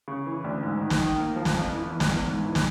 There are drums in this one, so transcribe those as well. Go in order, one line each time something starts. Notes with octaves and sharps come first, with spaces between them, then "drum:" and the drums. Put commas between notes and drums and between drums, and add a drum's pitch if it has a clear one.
C#3
E3
D2
G#2
D#3
drum: snare
D#3
A#3
F3
drum: snare
F2
E3
E2
drum: snare
E2
G#2
E3
drum: snare